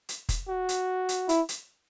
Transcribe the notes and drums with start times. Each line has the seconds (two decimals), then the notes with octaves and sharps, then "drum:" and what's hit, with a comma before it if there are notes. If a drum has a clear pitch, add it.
0.09 drum: hi-hat
0.29 drum: kick F1, hi-hat
0.48 F#4
0.69 drum: hi-hat
1.09 drum: hi-hat
1.29 E4, drum: hi-hat
1.49 drum: hi-hat